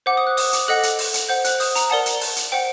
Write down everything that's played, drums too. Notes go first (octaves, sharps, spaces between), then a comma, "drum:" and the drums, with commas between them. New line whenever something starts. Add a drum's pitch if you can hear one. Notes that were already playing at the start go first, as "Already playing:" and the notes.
C5 F#5 D6
D#6
F#6
D#6, drum: open hi-hat
D6, drum: hi-hat
A4 D#5 F#5 F#6
drum: hi-hat
drum: open hi-hat
drum: hi-hat
C5 F#5 G6
F#6, drum: hi-hat
D#6, drum: open hi-hat
A#5, drum: hi-hat
A#4 D5 F#5 A5
drum: hi-hat
drum: open hi-hat
drum: hi-hat
C5 F#5 G5